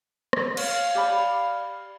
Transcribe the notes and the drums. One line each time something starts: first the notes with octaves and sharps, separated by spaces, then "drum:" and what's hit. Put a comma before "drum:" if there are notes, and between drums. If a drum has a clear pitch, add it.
drum: rim click
C#5 F5, drum: cymbal
G4 D5 B5